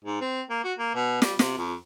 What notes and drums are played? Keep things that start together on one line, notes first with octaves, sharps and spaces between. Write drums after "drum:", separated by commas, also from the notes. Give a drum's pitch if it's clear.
G#2
C4
A#3
F#4
A#3
B2
G3, drum: snare
C3, drum: snare
F2